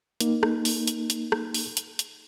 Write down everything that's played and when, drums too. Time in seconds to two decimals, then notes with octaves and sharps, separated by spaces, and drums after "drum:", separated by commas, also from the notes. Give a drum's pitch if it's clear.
0.20 A#3 D#4, drum: hi-hat
0.43 drum: rim click
0.65 drum: open hi-hat
0.87 drum: hi-hat
1.10 drum: hi-hat
1.32 drum: rim click
1.54 drum: open hi-hat
1.77 drum: hi-hat
1.99 drum: hi-hat